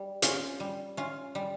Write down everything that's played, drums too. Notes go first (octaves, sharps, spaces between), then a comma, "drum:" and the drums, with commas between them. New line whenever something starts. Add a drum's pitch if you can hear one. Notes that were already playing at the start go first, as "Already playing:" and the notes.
Already playing: G3
C#4 F4, drum: hi-hat
G3
C#4 F4
G3